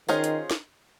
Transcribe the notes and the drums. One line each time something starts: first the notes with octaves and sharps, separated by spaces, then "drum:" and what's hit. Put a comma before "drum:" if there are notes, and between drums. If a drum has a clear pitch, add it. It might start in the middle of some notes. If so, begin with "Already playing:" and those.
D#3 C#4 F4 G#4 C5 D#5, drum: tambourine
drum: hi-hat
drum: snare